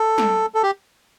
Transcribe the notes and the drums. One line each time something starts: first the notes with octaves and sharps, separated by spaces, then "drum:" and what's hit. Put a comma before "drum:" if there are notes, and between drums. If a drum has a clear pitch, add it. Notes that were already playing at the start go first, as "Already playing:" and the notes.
Already playing: A4
drum: snare
A4
G4